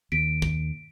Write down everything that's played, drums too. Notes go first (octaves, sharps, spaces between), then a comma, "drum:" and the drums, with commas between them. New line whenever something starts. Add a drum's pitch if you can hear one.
D#2 B6 D7
drum: kick